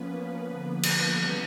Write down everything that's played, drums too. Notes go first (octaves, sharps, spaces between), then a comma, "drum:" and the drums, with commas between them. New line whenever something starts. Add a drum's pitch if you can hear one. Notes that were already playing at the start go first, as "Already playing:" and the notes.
Already playing: F3 A#3 B3 C#4 B4
D3 F3 A#3
drum: cymbal
C#3 E3 G3